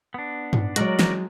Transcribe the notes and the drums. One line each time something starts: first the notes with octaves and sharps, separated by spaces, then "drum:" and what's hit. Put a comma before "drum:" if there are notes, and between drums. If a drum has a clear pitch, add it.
B3 D4
drum: tom G2
F#3 G#3 F#4 A#4 D5, drum: hi-hat
drum: snare